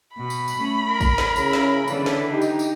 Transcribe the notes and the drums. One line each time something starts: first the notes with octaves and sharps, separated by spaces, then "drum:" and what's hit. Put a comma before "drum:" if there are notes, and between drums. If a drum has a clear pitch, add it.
B2 B5
drum: tambourine
drum: tambourine
A3 C#4
A#4
drum: kick, tambourine
drum: snare
C#3 E4, drum: tambourine
drum: snare
D3 E3 B3 A4 D5, drum: tambourine
drum: snare
D#4 G4
drum: tambourine
drum: tambourine